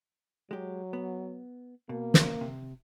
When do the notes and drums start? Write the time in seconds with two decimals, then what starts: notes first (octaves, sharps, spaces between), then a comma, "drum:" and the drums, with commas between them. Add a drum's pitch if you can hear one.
0.51 F#3 G#3 G4
0.93 B3
1.89 B2 A#3
2.14 drum: snare
2.41 C3